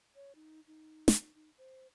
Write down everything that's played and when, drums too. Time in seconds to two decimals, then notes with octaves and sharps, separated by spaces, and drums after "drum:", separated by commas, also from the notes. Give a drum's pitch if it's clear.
0.15 C#5
0.35 D#4
0.67 D#4
1.08 drum: snare
1.35 D#4
1.58 C5